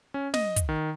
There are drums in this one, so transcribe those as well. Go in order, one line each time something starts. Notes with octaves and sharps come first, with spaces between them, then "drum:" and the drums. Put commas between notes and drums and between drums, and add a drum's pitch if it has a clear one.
C#4
D#5, drum: snare
drum: kick, hi-hat
D#3